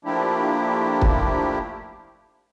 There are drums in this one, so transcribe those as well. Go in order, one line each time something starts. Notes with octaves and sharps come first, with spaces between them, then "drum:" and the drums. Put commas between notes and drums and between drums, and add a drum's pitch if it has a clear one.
F3 A3 A#3 D4 E4 G4
drum: kick